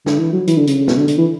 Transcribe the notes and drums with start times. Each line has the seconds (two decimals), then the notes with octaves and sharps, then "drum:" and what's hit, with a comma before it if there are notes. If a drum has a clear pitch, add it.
0.06 D3, drum: snare
0.19 E3
0.33 F#3
0.47 E3, drum: hi-hat
0.58 D3
0.67 C#3, drum: hi-hat
0.78 C#3
0.88 B2, drum: snare
0.97 D3
1.08 D3, drum: hi-hat
1.18 E3